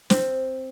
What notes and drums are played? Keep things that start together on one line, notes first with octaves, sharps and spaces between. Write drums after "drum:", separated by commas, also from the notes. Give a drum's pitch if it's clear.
C4, drum: snare